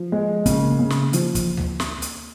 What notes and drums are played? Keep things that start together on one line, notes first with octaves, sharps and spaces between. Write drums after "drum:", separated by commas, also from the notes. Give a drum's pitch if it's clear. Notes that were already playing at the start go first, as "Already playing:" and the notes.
Already playing: F3
G#3
C#3 A#3, drum: kick, hi-hat
C#3
drum: snare
F3, drum: hi-hat
drum: kick, hi-hat
drum: tom D2
drum: snare
drum: hi-hat